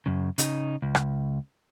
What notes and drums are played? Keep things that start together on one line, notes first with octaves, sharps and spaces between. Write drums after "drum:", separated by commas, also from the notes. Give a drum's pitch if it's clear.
F#2 C#3
C#3 D#4, drum: hi-hat
C#2
drum: rim click